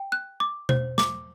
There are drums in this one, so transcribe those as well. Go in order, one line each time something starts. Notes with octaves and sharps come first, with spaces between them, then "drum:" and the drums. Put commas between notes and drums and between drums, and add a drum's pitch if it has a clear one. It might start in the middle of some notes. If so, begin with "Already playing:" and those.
Already playing: G5
F#6
D6
C5, drum: tom B2
D6, drum: snare